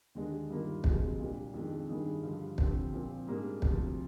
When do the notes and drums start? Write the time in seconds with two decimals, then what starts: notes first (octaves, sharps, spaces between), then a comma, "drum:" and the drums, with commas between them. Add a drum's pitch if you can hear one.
0.15 D#2 D3 G#3 D4 G#4
0.50 G2 D#3 A#3 F4
0.84 D2 C3 F3 G#3, drum: kick
1.19 A#2 G3 D4 G4
1.54 F2 D#3 G#3 D4
1.89 G2 D#3 G3 D4 G#4
2.23 G2 D3 F3
2.58 D3 F3 C4 G4, drum: kick
2.92 A#2 F3 C4
3.27 G#2 G3 A#3 D4 G#4
3.62 D2 C3 F3, drum: kick